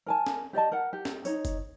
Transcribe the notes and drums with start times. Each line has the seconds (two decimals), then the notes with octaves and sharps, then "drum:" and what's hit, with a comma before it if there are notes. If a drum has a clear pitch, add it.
0.06 A#4 G#5 A5
0.26 drum: snare
0.53 G4 D5 D#5 A5
0.72 A#4 F#5
0.93 G4
1.05 drum: snare
1.25 D#4 C#5, drum: tambourine
1.45 drum: kick, tambourine